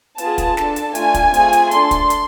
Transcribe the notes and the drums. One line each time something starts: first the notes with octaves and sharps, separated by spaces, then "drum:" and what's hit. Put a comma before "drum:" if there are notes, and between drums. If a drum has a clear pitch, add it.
B3 F4 G#4 A5, drum: hi-hat
drum: kick, hi-hat
D4 A4, drum: snare
drum: hi-hat
A3 D4 F4 G#5, drum: hi-hat
drum: kick, hi-hat
A3 C4 F4 G#4, drum: hi-hat
drum: hi-hat
D4 A4 C6, drum: hi-hat
drum: kick, hi-hat
drum: hi-hat